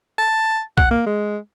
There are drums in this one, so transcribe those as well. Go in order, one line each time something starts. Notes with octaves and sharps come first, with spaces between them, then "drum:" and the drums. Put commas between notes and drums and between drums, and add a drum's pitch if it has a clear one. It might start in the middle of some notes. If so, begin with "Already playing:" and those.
A5
F#5, drum: kick
A#3
G#3